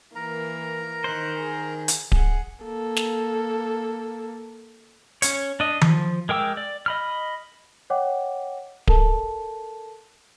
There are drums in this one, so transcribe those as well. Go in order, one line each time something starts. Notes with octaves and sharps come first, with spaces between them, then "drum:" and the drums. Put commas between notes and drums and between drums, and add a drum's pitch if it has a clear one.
E3 A#3 A#4 A#5
D#3 C5 D#5 F#6
G#4
drum: hi-hat
G#4 F#5, drum: kick D1
A#3 A4
drum: snare
C#4 C#5, drum: hi-hat
D4 D#5
F3, drum: tom D#3
G#3 A#4 G5 D6 E6
D5
D#5 B5 F6
C#5 D#5 F#5 G5 D6
A4 A#4 A5, drum: kick D1